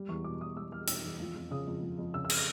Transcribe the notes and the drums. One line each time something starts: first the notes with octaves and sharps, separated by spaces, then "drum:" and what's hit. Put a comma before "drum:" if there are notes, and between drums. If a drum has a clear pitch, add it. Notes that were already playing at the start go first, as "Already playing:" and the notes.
Already playing: G3
E2 C#6
B2 D6
E2 D#6
G3 E6
E2 F6
B2 E6, drum: hi-hat
E2
F3
F2
C#3 D#6
F2
F3
F2
C#3 E6
E6
F6, drum: cymbal